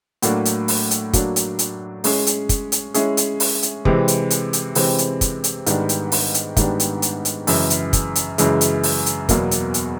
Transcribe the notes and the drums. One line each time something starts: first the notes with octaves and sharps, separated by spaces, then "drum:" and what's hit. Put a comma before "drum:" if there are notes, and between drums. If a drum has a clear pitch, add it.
A2 F#3 A#3 D4 F#4, drum: hi-hat
drum: hi-hat
drum: open hi-hat
drum: hi-hat
A2 F#3 A#3 D4 F#4, drum: kick, hi-hat
drum: hi-hat
drum: hi-hat
G#3 C#4 E4 G#4, drum: open hi-hat
drum: hi-hat
drum: kick, hi-hat
drum: hi-hat
G#3 C#4 E4 G#4, drum: hi-hat
drum: hi-hat
drum: open hi-hat
drum: hi-hat
C3 E3 G#3 C4, drum: kick
drum: hi-hat
drum: hi-hat
drum: hi-hat
C3 E3 G#3 C4, drum: open hi-hat
drum: hi-hat
drum: kick, hi-hat
drum: hi-hat
G#2 D#3 G3 B3 D4, drum: hi-hat
drum: hi-hat
drum: open hi-hat
drum: hi-hat
G#2 D#3 G3 B3 D4, drum: kick, hi-hat
drum: hi-hat
drum: hi-hat
drum: hi-hat
F#2 C#3 E3 G#3, drum: open hi-hat
drum: hi-hat
drum: kick, hi-hat
drum: hi-hat
F#2 C#3 E3 G#3, drum: hi-hat
drum: hi-hat
drum: open hi-hat
drum: hi-hat
E2 B2 F#3 A#3, drum: kick, hi-hat
drum: hi-hat
drum: hi-hat